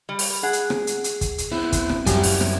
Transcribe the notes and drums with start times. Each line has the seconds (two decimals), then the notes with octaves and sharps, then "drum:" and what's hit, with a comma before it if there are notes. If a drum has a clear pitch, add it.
0.09 G3
0.19 drum: open hi-hat
0.43 G#4 F#5
0.53 drum: hi-hat
0.70 drum: rim click
0.87 drum: hi-hat
1.04 drum: hi-hat
1.21 drum: kick, hi-hat
1.38 drum: hi-hat
1.52 B3 C4 E4
1.72 drum: kick, hi-hat
1.89 drum: rim click
2.06 F#2 G3 E4 G4, drum: kick, hi-hat
2.24 drum: open hi-hat
2.41 drum: rim click